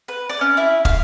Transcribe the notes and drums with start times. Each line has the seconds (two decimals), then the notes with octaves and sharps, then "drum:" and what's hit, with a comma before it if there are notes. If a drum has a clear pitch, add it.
0.08 B4
0.29 D5
0.41 C#4
0.57 E4
0.85 F5, drum: kick